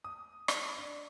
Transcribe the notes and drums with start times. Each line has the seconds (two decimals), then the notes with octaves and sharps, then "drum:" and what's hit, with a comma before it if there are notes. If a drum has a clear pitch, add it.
0.04 D#6
0.48 drum: rim click
0.77 D4